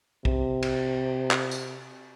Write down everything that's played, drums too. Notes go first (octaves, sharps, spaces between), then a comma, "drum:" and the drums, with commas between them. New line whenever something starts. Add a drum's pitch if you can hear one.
C3, drum: kick B1
drum: cymbal
drum: clap
drum: tambourine